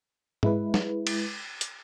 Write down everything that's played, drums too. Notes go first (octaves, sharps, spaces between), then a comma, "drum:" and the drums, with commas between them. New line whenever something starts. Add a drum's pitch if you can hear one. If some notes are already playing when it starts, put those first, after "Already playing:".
G#3 E4 B4, drum: tom G#2
drum: snare
drum: cymbal
drum: hi-hat